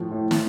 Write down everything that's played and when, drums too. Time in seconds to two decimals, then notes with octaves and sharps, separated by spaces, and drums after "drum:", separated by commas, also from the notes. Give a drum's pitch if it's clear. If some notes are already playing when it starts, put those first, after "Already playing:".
Already playing: A2 F3
0.11 A2
0.31 drum: snare